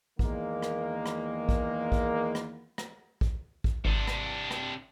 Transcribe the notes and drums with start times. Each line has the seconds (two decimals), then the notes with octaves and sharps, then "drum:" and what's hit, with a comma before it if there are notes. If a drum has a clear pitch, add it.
0.19 E2 D#3 G#3 A#3, drum: kick
0.62 drum: rim click
1.06 drum: rim click
1.49 drum: kick
1.92 drum: kick
2.35 drum: rim click
2.78 drum: rim click
3.21 drum: kick
3.64 drum: kick
3.85 G#1 C3 D4
4.08 drum: rim click
4.51 drum: rim click